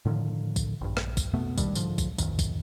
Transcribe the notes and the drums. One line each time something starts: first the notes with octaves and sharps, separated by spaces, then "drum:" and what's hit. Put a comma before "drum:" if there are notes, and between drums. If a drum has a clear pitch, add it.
A2 D3 D#3 F3
drum: kick, tambourine
A#1 G2
drum: rim click
drum: kick, tambourine
F2 B2 A3 B3
G2 C3 D#3 G3, drum: kick, tambourine
G#2 D3 F3, drum: tambourine
drum: kick, tambourine
A1 F2 D#3, drum: kick, tambourine
drum: kick, tambourine